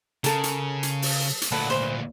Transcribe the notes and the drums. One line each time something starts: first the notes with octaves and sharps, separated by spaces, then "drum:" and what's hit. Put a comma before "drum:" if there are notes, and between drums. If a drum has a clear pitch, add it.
C#3 A4 A#4, drum: hi-hat
drum: hi-hat
drum: hi-hat
drum: open hi-hat
drum: hi-hat
D2 A#2 A4 B4 F#5
B4 C5